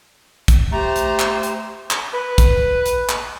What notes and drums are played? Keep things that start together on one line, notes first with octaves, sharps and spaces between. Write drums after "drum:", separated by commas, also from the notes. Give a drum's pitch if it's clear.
drum: kick, hi-hat
A3 G4 C5 A#5
drum: hi-hat
drum: clap
drum: hi-hat
drum: clap
B4
drum: kick, hi-hat
drum: hi-hat
drum: clap